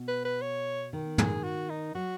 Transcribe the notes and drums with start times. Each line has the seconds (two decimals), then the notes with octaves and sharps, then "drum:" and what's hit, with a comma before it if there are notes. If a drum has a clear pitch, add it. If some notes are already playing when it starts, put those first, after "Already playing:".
Already playing: B2
0.08 B4
0.25 B4
0.42 C#5
0.93 D#3
1.18 G#4, drum: tom
1.43 F#4
1.69 D#4
1.94 F#3 F#4